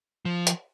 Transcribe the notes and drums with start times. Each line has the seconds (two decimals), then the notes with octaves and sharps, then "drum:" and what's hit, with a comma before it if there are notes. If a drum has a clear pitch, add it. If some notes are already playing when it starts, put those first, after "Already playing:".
0.25 F3
0.47 drum: hi-hat